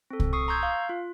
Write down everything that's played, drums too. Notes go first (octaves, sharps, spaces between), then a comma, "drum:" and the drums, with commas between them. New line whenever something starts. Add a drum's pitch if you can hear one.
C4 A4
drum: kick C2
C#6 D#6 C7
A#5 C6 C#6 E6 G6 G#6
F5
F4